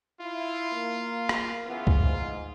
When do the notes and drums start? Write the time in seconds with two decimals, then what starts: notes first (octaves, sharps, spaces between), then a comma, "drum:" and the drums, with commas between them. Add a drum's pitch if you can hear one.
0.21 E4 F4
0.72 A#3
1.29 drum: rim click
1.65 C#3 E3 B3 F4
1.87 drum: kick C#2
2.00 G#2